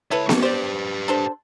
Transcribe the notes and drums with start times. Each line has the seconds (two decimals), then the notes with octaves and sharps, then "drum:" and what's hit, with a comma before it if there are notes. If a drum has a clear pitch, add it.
0.11 C#2 E4 A4 B4 C#5
0.29 A#3 C#4, drum: snare B3
0.43 G4 B4 C5 D5
1.08 D4 A4 C5